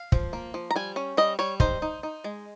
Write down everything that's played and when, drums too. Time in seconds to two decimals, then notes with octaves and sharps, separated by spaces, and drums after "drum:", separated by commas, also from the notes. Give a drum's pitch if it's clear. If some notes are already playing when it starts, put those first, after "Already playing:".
Already playing: F5
0.12 F3, drum: kick
0.33 A#3
0.54 F3
0.71 A#5
0.76 G3 G#5
0.96 C#4
1.17 G3 D#5
1.39 G3 C#5
1.60 D#4 C5, drum: kick
1.82 D#4
2.03 D#4
2.24 G#3